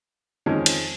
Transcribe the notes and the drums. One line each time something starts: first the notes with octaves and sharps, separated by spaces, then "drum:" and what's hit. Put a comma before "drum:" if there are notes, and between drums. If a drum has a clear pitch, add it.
F2 D#3 G#3 C#4 G#4
drum: cymbal